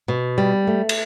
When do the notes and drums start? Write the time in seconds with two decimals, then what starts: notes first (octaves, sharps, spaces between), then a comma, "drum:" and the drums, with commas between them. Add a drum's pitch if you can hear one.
0.08 B2
0.38 G3
0.67 A3
0.89 drum: cymbal